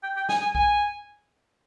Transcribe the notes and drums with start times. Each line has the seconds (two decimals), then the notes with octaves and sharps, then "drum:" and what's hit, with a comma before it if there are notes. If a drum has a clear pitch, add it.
0.03 G5
0.16 G5
0.29 G#5, drum: snare
0.41 G#5
0.55 G#5, drum: kick B1